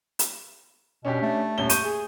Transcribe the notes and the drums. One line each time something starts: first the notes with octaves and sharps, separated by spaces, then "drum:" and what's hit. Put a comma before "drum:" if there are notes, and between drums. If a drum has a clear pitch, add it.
drum: hi-hat
B2 C#4 D4 G4
A3
D#1 C#4 G7
C#6 G6 D#7, drum: hi-hat
G#4